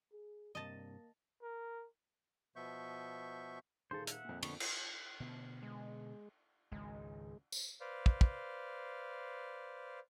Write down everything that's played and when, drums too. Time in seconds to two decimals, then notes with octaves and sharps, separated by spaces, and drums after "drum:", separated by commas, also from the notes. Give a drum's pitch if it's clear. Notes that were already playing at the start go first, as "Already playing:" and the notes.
0.12 G#4
0.55 G2 C3 A#3 D#5 A5
1.42 A#4
2.56 B2 F3 B3 E5 C#6 G6
3.91 D#1 D#3 G#4 A4 C5
4.07 E5 F#5, drum: hi-hat
4.25 F2 A#2
4.43 D3 B3 C#6, drum: cymbal
4.60 drum: cymbal
5.20 B2 D3 B3
5.63 G#3
6.72 G#1 C#2 G#3
7.52 drum: tambourine
7.81 B4 C5 D5 F5
8.06 drum: kick
8.21 drum: kick